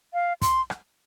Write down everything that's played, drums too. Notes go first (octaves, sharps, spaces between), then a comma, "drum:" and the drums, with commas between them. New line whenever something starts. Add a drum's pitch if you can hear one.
F5
C6, drum: kick, hi-hat
drum: rim click